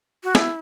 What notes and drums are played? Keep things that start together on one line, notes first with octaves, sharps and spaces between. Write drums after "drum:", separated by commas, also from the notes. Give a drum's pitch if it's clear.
F#4
E4, drum: snare